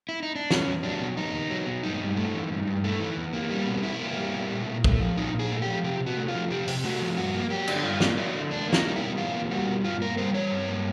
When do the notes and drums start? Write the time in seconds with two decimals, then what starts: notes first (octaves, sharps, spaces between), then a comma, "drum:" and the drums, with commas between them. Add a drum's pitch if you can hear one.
0.09 E4
0.23 D#4
0.36 D4
0.50 E2 C#4, drum: snare
0.67 E2
0.83 F#3 D4
1.01 B2
1.17 E2 D#4
1.33 E2
1.51 F#3
1.67 B2
1.83 G2 D#4
2.00 G2
2.17 A3
2.34 E3
2.50 G2
2.67 G2
2.84 A3
3.00 E3
3.17 E2
3.33 A#3
3.50 G3
3.67 B2
3.83 E2 E4
4.01 A#3
4.17 G3
4.34 B2
4.51 A#2
4.67 A#2
4.84 A3, drum: kick
5.01 F3
5.16 A#2 D#4
5.34 A#2 G#4
5.51 A3
5.62 G4
5.67 F3
5.83 C3 G4
6.00 C3
6.06 F#4
6.17 A3
6.28 F4
6.35 F3
6.50 C3 G4
6.67 C3, drum: open hi-hat
6.84 A3 F#4
7.01 F3
7.17 G2 F#4
7.34 A#3
7.50 F#3 G4
7.67 D3, drum: cymbal
7.84 G2 F4
8.00 A#3, drum: snare
8.17 F#3 E4
8.35 D3
8.51 E2 D4
8.67 A#3
8.73 D#4, drum: snare
8.84 G3 D#4
8.96 B2 E4
9.17 E2 F4
9.34 A#3
9.51 G3 F#4
9.68 B2
9.84 G2 F4
10.02 A#3 A#4
10.17 G3 C5
10.34 E3 C#5
10.51 G2
10.68 A#3